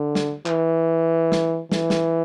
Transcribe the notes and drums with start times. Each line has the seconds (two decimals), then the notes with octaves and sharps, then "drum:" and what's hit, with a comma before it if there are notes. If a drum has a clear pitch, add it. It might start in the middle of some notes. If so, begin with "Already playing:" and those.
Already playing: D3
0.15 drum: snare
0.46 E3, drum: clap
1.32 drum: snare
1.72 E3, drum: snare
1.90 drum: snare